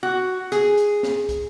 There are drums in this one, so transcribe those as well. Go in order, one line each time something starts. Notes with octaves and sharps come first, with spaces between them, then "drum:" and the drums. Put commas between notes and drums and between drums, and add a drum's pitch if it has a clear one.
F#4
G#4, drum: hi-hat
drum: hi-hat
drum: snare
drum: kick, hi-hat